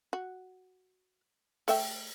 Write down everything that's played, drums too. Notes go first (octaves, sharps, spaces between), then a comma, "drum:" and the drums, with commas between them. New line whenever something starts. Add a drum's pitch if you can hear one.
F#4
A3 E5 G5, drum: open hi-hat